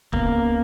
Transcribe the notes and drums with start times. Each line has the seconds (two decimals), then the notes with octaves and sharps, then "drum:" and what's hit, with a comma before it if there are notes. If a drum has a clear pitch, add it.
0.13 C#2 C#3 G#3 A#3 B3, drum: kick